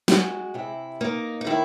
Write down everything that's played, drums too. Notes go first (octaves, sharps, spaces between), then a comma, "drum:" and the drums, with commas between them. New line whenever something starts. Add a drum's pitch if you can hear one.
G#3 F#4, drum: snare
C3 E4
A#3 D#4
D#4
D#3 E4